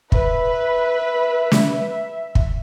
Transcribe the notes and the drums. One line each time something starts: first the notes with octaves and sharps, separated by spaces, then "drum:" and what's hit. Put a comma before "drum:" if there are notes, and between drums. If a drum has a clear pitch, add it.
B4 E5, drum: kick
drum: snare
drum: kick